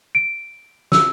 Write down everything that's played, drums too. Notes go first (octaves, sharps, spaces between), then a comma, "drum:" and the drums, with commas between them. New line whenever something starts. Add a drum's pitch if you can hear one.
D7
E6, drum: snare